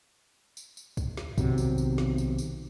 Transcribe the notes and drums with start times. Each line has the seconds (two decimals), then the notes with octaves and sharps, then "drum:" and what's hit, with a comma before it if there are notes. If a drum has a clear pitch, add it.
0.57 drum: tambourine
0.77 drum: tambourine
0.97 drum: kick, tambourine
1.17 drum: snare
1.38 B1 C3 D#3 F#3, drum: kick, tambourine
1.58 drum: tambourine
1.78 drum: tambourine
1.98 drum: snare
2.18 drum: tambourine
2.38 drum: tambourine